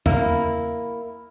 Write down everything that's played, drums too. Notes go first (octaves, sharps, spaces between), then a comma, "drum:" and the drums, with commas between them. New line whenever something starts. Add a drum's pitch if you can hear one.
A#3 E4, drum: tom E2